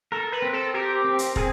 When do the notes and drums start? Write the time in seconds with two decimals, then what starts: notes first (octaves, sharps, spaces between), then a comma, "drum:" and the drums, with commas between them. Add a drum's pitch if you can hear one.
0.12 A4 A#4
0.32 B4
0.42 C4
0.53 A4
0.74 G4 A#4
1.05 C4
1.19 drum: hi-hat
1.36 C4 G#4, drum: kick